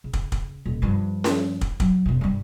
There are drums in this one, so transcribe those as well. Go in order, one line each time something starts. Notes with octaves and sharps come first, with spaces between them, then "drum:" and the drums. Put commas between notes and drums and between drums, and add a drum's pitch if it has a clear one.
C#3
drum: kick
drum: kick
D#1
G2 F3
drum: snare C#4
drum: kick
F#3, drum: kick
E1 C3
G2 G3